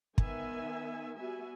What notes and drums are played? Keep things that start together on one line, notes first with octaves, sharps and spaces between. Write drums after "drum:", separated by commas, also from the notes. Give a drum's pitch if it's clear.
D#3 B3 E5 G#5, drum: kick
G3 B3 F#4 E5 G#5